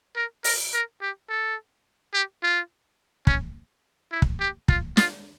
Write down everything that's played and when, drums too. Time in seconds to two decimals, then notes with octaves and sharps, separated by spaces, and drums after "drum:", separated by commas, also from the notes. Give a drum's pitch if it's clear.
0.16 A#4
0.44 A#4, drum: open hi-hat
0.73 A#4
1.02 G4
1.29 A4
2.14 G4
2.43 F4
3.27 C#4, drum: kick
4.12 E4
4.22 drum: kick
4.40 G4
4.68 F4, drum: kick
4.97 F4, drum: snare